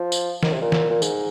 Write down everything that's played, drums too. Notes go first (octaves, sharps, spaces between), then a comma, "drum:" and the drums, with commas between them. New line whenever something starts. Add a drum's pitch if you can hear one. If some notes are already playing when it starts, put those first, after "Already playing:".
Already playing: F3
drum: tambourine
D#3, drum: snare
C3
A#2
drum: snare
A#2
G#2, drum: tambourine